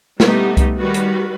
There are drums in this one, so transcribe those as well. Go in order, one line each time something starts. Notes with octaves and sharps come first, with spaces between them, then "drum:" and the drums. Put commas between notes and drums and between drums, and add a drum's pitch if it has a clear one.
G3 A3 B3 D#4 G4, drum: snare
drum: kick C2, hi-hat
D#3 G3 F#4 B4
drum: hi-hat